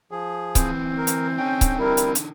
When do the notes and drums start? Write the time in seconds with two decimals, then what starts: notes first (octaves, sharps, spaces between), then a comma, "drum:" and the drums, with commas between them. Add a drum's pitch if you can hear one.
0.11 F3 G#4
0.55 D2 E3 C4, drum: kick C#1, hi-hat
0.98 A#4
1.07 drum: hi-hat
1.38 D3 C#4 D#4 G5
1.61 drum: kick C#1, hi-hat
1.79 G3 E4 A#4
1.97 drum: hi-hat
2.15 drum: hi-hat